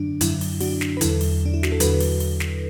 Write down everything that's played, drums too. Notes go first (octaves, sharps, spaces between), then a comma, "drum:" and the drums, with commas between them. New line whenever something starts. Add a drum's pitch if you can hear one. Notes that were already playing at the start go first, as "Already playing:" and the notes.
Already playing: F#2 D3 F#3 D4
F#2 D3 F#3 E4, drum: hi-hat
drum: open hi-hat
D4 F#4, drum: open hi-hat
drum: snare
B4
E2 D3 F#3 E4 A4, drum: hi-hat
drum: open hi-hat
D4
E4
F#4, drum: snare
A4
E2 D3 F#3 F#4 B4, drum: hi-hat
drum: open hi-hat
drum: open hi-hat
drum: snare